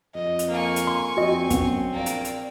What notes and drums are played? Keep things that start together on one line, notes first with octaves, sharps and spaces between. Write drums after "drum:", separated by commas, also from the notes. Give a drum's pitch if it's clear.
F2 D#5
drum: hi-hat
A#3 G#5 C#6
drum: hi-hat
C6
F2 C4 F#4 D#5
F#2 B3, drum: kick, hi-hat
A#1 A#3 D5
drum: hi-hat
drum: hi-hat